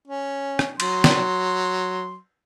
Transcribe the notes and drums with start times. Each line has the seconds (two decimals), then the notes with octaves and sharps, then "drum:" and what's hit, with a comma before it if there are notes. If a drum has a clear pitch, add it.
0.07 C#4
0.59 drum: rim click
0.80 F#3 C6, drum: cymbal
1.04 drum: snare